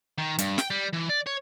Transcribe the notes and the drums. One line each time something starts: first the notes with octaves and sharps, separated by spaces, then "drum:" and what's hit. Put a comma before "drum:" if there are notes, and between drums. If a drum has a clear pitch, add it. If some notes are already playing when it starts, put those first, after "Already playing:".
D#3
G2, drum: hi-hat
G5, drum: snare
G3
E3
D5
C#5